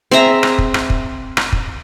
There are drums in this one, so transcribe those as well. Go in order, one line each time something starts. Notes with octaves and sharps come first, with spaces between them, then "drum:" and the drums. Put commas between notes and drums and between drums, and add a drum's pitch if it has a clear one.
C4 G#4 E5 A#5
drum: rim click
drum: kick
drum: rim click
drum: kick
drum: rim click
drum: kick